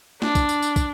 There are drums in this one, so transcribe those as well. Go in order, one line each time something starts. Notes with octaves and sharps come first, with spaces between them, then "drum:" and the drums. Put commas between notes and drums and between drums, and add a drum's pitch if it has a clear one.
D4, drum: snare
drum: kick, tambourine
drum: tambourine
drum: tambourine
drum: kick, tambourine